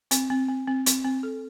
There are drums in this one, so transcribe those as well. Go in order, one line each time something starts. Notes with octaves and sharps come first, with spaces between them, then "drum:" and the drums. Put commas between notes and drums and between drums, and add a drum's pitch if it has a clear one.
C4, drum: hi-hat
C4
C4
C4
C4, drum: hi-hat
C4
A4